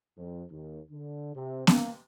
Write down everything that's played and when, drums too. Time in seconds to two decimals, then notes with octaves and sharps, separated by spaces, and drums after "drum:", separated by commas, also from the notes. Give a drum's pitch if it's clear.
0.18 F2
0.51 D#2
0.91 D3
1.35 C3
1.67 A#3, drum: snare B3